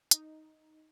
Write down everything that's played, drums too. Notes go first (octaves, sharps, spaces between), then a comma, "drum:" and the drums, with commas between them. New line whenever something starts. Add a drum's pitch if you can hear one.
D#4, drum: hi-hat